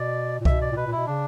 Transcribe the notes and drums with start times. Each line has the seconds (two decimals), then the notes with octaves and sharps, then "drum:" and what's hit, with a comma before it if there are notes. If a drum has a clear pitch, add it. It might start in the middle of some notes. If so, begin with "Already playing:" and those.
Already playing: B2 D5
0.40 A#2
0.45 B2 E5, drum: kick C2
0.62 D5
0.72 A#2
0.76 B2 B4
0.86 A#2
0.92 B2 E4
1.07 C#3 D4